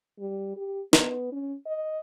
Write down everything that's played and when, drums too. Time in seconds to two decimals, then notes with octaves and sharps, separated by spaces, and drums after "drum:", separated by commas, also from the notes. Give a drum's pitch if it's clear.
0.19 G3
0.56 G4
0.93 B3, drum: snare
1.32 C#4
1.66 D#5